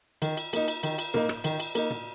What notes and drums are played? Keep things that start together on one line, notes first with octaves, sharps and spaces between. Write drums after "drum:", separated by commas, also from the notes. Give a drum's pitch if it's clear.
D#3, drum: cymbal
drum: cymbal
A#3 D#4, drum: cymbal
drum: cymbal
D#3, drum: cymbal
drum: cymbal
A#3 D#4, drum: tom
drum: rim click
D#3, drum: cymbal
drum: cymbal
A#3 D#4, drum: cymbal
drum: tom